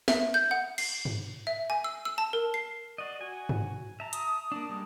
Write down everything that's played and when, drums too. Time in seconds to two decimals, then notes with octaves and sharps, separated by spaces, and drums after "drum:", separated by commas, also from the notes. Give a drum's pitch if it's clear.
0.08 E5, drum: snare
0.34 G6
0.51 F#5
0.78 C7, drum: cymbal
1.05 drum: tom G2
1.47 E5
1.70 G#5
1.84 E6
2.05 E6
2.18 A5
2.33 A#4
2.54 C7
2.98 F#4 D5 D#5
3.21 F#4 G#5
3.49 drum: tom G2
4.00 E5 A5 A#5
4.13 D#6, drum: hi-hat
4.52 A#3 D4 A5
4.69 G3 G#3 A#3